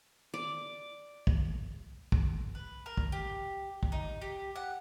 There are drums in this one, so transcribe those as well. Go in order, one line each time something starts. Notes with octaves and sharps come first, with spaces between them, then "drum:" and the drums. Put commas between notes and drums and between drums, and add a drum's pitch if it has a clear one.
D5
drum: kick
drum: kick
B4
A#4
drum: kick
G4
drum: kick
D#4
G4
F#5